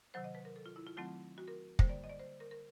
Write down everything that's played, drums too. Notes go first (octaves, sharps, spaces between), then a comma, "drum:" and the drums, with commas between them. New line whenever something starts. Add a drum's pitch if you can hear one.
C3 D#3 F#3 C5
D#5
B4
A#4
A4
F4
E4
F4
D#3 F#3 A3 C4 F4
F#4
A#4
D3 G3 A#3 C5, drum: kick
D5
D#5
D5
C5
A#4
A#4